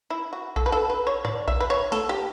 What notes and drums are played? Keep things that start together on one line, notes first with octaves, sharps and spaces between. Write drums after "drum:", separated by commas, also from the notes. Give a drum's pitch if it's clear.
E4
F#4
A4, drum: kick A#1
B4
A4
B4
C#5
D5, drum: tom G2
E5, drum: kick A#1
B4
C#5
A4, drum: snare
G4